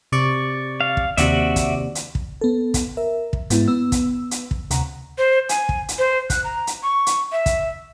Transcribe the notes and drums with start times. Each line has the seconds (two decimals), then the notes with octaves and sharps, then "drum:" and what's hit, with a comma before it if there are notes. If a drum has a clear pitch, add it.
0.12 C3 D5 C#6
0.81 F5
0.97 drum: kick
1.17 D#2 C3 F#4 D5 E5, drum: hi-hat
1.56 drum: kick, hi-hat
1.95 drum: hi-hat
2.15 drum: kick
2.41 B3 A4
2.74 drum: kick, hi-hat
2.97 A#4 E5
3.33 drum: kick
3.50 G#2 B3 E4, drum: hi-hat
3.68 B3 E6
3.92 drum: kick, hi-hat
4.31 drum: hi-hat
4.51 drum: kick
4.71 D2 C3 F#5 A#5, drum: hi-hat
5.18 C5
5.49 G#5, drum: hi-hat
5.69 drum: kick
5.89 drum: hi-hat
5.98 C5
6.30 F#6, drum: kick, hi-hat
6.44 A#5
6.67 drum: hi-hat
6.83 C#6
7.07 drum: hi-hat
7.32 E5
7.46 drum: kick, hi-hat